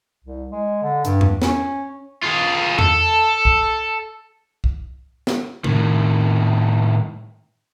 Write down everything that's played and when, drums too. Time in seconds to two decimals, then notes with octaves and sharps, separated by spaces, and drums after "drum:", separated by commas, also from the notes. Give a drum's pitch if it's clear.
0.24 C2
0.52 G#3
0.82 D3
1.05 G2, drum: hi-hat
1.21 drum: tom E2
1.42 C#4, drum: snare
2.23 F4 G#4
2.79 A4, drum: tom E2
3.45 drum: kick
4.64 drum: kick
5.27 drum: snare
5.64 A2 D#3, drum: tom C3